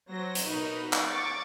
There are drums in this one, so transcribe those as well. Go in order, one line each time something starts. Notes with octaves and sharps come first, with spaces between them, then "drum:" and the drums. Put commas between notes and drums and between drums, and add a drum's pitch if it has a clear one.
F#3 C5 A#6
drum: hi-hat
B2 D#4 F#4 A#4 B4
drum: clap
C#6 D6 A6